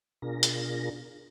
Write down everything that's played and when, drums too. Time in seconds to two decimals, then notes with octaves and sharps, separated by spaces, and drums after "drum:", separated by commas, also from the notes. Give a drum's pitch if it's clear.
0.22 B2 D4 F4 G#4 A#4 A#6
0.43 drum: hi-hat